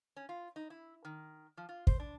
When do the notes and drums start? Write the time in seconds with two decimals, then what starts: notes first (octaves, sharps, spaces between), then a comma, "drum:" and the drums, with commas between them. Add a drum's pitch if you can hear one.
0.16 C#4
0.29 F4
0.56 D#4
0.70 E4
1.05 D#3
1.57 F3
1.69 F4
1.87 C5, drum: kick
2.00 D4